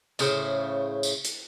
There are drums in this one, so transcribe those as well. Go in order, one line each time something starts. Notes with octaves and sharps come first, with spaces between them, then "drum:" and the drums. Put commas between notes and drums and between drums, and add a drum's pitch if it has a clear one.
A2 C#3 C5, drum: tambourine
drum: tambourine
drum: hi-hat